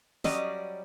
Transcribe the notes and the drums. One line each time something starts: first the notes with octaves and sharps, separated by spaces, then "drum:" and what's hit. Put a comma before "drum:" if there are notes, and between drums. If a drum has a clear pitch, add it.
F#3 G3 C#4 D5 D#5, drum: snare